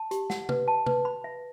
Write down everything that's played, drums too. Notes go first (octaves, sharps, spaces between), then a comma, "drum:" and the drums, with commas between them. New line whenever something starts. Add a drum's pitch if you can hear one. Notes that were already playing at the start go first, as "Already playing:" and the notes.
Already playing: A5
G4, drum: hi-hat
F#5, drum: snare
B4, drum: tom C3
A5
B4, drum: tom C3
B5
E5